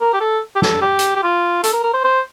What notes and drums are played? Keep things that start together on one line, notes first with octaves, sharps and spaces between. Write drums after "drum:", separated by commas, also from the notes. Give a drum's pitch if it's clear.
A#4
G4
A4
G4
A4, drum: snare
G4
drum: hi-hat
G4
F4
A4, drum: hi-hat
A#4
A#4
C5
C5